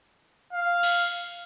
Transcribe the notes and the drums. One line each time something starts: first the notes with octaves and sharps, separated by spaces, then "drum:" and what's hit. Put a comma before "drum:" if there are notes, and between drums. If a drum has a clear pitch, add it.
F5
drum: cymbal